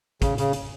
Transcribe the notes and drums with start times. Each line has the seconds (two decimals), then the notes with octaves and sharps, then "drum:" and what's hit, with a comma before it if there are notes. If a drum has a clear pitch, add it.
0.22 C#3, drum: kick, hi-hat
0.38 C#3, drum: hi-hat
0.53 drum: hi-hat